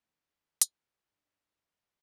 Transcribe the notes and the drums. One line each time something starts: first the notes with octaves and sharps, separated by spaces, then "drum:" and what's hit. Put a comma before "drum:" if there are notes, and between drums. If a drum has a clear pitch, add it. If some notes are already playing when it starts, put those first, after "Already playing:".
D#2
drum: hi-hat
G2